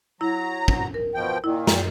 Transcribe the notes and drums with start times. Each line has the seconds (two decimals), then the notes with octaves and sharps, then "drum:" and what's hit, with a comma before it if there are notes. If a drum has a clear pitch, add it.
0.21 F#3 E4 A#5
0.68 drum: kick
0.94 A#4
1.14 B2 F3 G5
1.44 A#2 D#3 E4
1.67 F#2, drum: snare